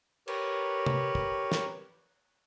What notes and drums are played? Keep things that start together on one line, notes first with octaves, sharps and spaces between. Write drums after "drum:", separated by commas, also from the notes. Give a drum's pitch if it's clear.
G4 A#4 B4 C#5, drum: cymbal
drum: tom
drum: kick
drum: snare